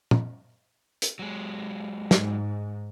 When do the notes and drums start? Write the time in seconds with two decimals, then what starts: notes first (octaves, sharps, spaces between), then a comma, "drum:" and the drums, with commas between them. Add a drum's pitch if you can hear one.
0.11 drum: tom
1.02 drum: hi-hat
1.19 F#3 G#3
2.11 G#2, drum: snare